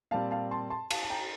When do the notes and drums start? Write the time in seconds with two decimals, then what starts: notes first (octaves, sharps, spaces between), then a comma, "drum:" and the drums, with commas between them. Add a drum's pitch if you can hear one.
0.11 A#2 G3 C4 F5 A5
0.31 F5 A5
0.51 A5 C6
0.70 A5 C6
0.91 F5 A5, drum: cymbal
1.03 A5
1.10 G5 A#5